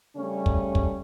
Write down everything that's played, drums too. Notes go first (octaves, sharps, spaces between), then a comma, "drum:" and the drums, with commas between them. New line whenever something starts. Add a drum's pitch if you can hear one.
C#3 G3 A3 C#4
drum: kick
drum: kick